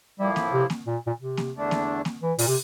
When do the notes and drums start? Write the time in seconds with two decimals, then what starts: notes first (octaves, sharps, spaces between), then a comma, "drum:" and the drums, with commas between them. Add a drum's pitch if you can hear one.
0.19 A2 F3 G3 A#3 E4
0.36 drum: snare A#3
0.53 C3
0.70 drum: snare A#3
0.87 A#2
1.07 A#2
1.21 C3
1.37 drum: snare A#3
1.54 E2 D3 A3 D4
1.71 drum: snare A#3
2.05 drum: snare A#3
2.22 E3
2.39 A#2, drum: open hi-hat
2.47 C3